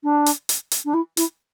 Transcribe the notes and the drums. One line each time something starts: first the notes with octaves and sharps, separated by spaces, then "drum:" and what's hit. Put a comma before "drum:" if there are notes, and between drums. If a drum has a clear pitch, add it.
D4
drum: hi-hat
drum: hi-hat
drum: hi-hat
D4
E4
E4, drum: hi-hat